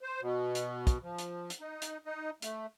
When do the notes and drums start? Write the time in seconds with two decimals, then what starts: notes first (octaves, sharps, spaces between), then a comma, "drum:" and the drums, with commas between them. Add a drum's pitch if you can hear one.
0.02 C5
0.21 B2
0.55 drum: hi-hat
0.87 drum: kick, hi-hat
1.03 F3
1.18 drum: hi-hat
1.50 drum: hi-hat
1.60 D#4
1.82 drum: hi-hat
2.05 D#4
2.42 A3, drum: hi-hat